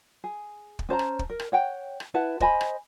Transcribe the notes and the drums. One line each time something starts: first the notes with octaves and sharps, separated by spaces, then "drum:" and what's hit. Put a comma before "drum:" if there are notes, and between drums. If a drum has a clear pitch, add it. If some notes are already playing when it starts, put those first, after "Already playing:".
G#4
drum: kick
C#4 C5 A5 A#5
drum: rim click
drum: kick
A#4
drum: rim click
C#5 F#5 G5
drum: rim click
E4 B4 F#5 A5
C5 D#5 G#5 B5, drum: kick
drum: rim click